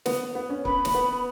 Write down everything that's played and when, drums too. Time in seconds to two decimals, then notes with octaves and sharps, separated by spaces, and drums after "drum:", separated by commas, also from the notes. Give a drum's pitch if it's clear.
0.06 B3, drum: snare
0.35 B3
0.50 C#4
0.65 B3 B5, drum: kick C#1
0.85 drum: snare
0.95 B3